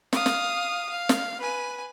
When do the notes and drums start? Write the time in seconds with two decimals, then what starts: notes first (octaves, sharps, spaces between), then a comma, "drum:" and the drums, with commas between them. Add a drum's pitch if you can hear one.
0.13 F5 D#6, drum: snare
0.26 drum: snare
0.89 F5
1.09 drum: snare
1.40 B4 G#5